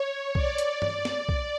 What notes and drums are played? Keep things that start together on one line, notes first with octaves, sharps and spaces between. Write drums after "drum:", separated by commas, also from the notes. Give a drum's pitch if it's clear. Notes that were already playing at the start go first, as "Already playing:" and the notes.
Already playing: C#5
D5, drum: kick
drum: hi-hat
drum: tom G2
drum: snare
drum: kick